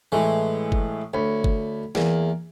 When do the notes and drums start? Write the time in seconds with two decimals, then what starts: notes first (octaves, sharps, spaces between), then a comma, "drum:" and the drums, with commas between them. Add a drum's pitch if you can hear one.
0.12 A2 E3 G#3 A3
0.72 drum: kick F#1
1.14 D2 C#5 B5
1.44 drum: kick F#1
1.95 E2 A#3, drum: snare